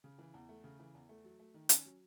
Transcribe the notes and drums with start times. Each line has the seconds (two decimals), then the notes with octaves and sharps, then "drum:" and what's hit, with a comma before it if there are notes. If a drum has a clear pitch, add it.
0.04 C#3
0.19 E3
0.34 E2
0.49 A3
0.64 C#3
0.80 E3
0.95 E2
1.09 A3
1.24 F#3
1.40 A3
1.54 D#3
1.69 C#4, drum: hi-hat
1.85 F#3